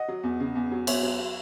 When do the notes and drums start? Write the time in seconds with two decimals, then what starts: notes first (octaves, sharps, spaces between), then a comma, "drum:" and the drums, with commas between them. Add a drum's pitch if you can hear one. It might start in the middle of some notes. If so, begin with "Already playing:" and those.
Already playing: D#5 F#5
0.08 F#3
0.23 E2
0.40 C#3
0.55 E2
0.72 F#3
0.87 E2 C#5 E5, drum: cymbal
1.03 F#3